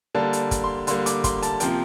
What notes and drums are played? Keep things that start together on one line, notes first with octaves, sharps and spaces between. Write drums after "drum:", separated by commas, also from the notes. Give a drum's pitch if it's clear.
D3 G3 A#3 A5
drum: hi-hat
drum: kick, hi-hat
C6
D3 G3 A#3 C6, drum: hi-hat
D6, drum: hi-hat
C6, drum: kick, hi-hat
A5, drum: hi-hat
C3 F3 A#3 G5, drum: hi-hat